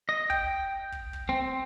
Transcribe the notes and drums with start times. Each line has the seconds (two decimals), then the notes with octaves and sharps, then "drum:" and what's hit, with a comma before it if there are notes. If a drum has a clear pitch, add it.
0.09 D#5
0.30 G5, drum: kick
0.92 drum: kick
1.13 drum: kick
1.29 C4